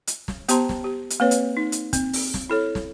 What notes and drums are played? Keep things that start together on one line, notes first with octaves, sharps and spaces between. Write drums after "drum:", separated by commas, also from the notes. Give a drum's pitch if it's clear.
drum: hi-hat
drum: snare
B3 G4 C5 A5 A#5 C6, drum: hi-hat
drum: snare
G4
drum: hi-hat
A#3 C4 B4 C#5
drum: hi-hat
D#4
drum: hi-hat
C4, drum: kick, hi-hat
drum: open hi-hat
drum: snare
E4 A4 C#5
drum: snare